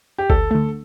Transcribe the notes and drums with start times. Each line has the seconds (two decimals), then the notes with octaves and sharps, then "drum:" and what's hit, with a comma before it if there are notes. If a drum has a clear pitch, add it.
0.18 G4
0.30 D2 A4, drum: kick G1
0.51 D3 A3